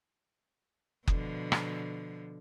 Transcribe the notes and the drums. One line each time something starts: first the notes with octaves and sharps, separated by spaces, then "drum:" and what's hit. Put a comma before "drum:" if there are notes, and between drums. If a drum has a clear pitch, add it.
B2 D3 F3, drum: kick F#1
drum: rim click